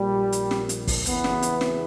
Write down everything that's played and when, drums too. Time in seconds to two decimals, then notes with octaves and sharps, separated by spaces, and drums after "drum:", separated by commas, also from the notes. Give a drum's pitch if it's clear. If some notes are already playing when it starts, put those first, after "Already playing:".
Already playing: A#1 A#2 G3
0.32 drum: hi-hat
0.51 drum: snare
0.69 drum: hi-hat
0.87 drum: kick, open hi-hat
1.06 E2 C#3 E3 B3, drum: hi-hat
1.24 drum: snare
1.42 drum: hi-hat
1.61 drum: snare